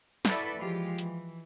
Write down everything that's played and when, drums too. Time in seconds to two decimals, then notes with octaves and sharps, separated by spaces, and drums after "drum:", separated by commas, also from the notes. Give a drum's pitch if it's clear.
0.25 E4 F#4 A4 B4 D5 E5, drum: snare
0.57 E3 F3 G#3 F4 G4
0.99 E3, drum: hi-hat